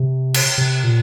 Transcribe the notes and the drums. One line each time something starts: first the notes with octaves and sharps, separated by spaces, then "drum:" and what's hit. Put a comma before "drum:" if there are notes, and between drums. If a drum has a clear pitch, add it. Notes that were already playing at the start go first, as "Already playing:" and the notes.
Already playing: C3
drum: cymbal
C3
A#2